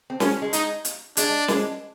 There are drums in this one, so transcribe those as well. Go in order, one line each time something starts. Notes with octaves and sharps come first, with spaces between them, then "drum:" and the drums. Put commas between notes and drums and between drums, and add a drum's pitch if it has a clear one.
C4
F#3 C#4, drum: snare
G#3
D#4, drum: hi-hat
drum: hi-hat
G#3 D4, drum: hi-hat
G#3, drum: snare